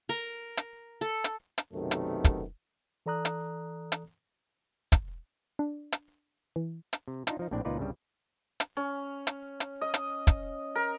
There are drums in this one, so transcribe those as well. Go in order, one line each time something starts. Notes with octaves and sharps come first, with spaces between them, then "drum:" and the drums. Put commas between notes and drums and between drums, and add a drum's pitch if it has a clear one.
A#4
drum: hi-hat
A4
drum: hi-hat
drum: hi-hat
B1 F#2 C3 D#3 A3 B3
drum: hi-hat
drum: kick, hi-hat
E3 A4 D5 A#5 D#6 F#6
drum: hi-hat
drum: hi-hat
drum: kick, hi-hat
D4
drum: hi-hat
E3
drum: hi-hat
C3
D4 D#4 F4, drum: hi-hat
F3 D#4
A#1 A2 C4 D4 D5
C#2 A#2 D#4 F4 B4 D5
C2 G2 C#3 G3
drum: hi-hat
C#4
drum: hi-hat
drum: hi-hat
D#5
drum: hi-hat
drum: kick, hi-hat
A#4